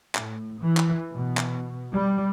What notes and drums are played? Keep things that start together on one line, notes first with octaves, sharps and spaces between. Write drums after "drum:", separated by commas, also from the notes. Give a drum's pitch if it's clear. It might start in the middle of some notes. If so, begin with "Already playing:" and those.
A2, drum: clap
E3
drum: clap
B2
drum: clap
G3